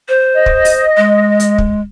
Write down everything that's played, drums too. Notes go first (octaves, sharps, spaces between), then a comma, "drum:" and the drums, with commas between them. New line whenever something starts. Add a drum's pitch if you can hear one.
C5
D#5
drum: kick
drum: open hi-hat
G#3
drum: hi-hat
drum: kick